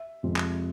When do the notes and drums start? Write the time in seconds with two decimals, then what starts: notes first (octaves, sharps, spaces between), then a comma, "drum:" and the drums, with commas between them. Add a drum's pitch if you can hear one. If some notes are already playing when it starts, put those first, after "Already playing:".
Already playing: E5
0.23 F2 C3 F3 G#3
0.36 drum: clap